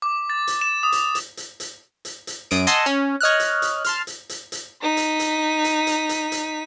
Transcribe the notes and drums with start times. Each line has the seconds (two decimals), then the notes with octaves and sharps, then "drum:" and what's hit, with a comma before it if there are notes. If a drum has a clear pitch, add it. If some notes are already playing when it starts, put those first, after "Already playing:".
0.02 D6
0.30 A6
0.47 drum: hi-hat
0.61 E7
0.83 D#6
0.92 drum: hi-hat
1.15 drum: hi-hat
1.37 drum: hi-hat
1.60 drum: hi-hat
2.05 drum: hi-hat
2.27 drum: hi-hat
2.51 F#2 D#6 D7, drum: hi-hat
2.67 D#5 F#5 G#5 A5 C6 E6
2.86 C#4
3.20 C#5 D#5 F6 F#6
3.40 drum: hi-hat
3.62 drum: hi-hat
3.85 A5 C6 F6, drum: hi-hat
4.07 drum: hi-hat
4.29 drum: hi-hat
4.52 drum: hi-hat
4.82 D#4 B6
4.97 drum: hi-hat
5.19 drum: hi-hat
5.64 drum: hi-hat
5.87 drum: hi-hat
6.09 drum: hi-hat
6.32 drum: hi-hat